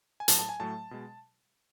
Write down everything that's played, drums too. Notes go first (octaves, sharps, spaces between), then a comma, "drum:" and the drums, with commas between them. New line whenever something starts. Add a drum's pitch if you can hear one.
G#5
A2 F#3 A3 A5, drum: hi-hat
A5
G#5
A2 F#3 A3 A5
B2 G#3